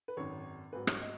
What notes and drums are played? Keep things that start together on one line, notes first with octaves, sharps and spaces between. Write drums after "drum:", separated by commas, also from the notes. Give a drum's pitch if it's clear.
B4
G#1 F#2 D#3 C#5
G#1 G#2 F#3 B4
C#5, drum: rim click
D#5